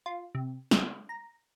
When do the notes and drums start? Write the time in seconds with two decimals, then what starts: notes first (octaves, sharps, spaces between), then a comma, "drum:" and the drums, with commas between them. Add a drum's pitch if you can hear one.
0.06 F4
0.35 C3
0.71 C#3, drum: snare
1.09 A#5